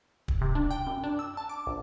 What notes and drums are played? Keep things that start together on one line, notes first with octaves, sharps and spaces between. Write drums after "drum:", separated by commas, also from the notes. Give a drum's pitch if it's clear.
drum: kick
C3
D4
G5
F#2
D4
E6
A5
D6
A#1